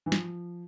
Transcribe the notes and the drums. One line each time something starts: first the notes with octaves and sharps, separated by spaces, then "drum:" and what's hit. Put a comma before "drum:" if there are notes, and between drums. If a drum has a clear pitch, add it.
E3
F3, drum: snare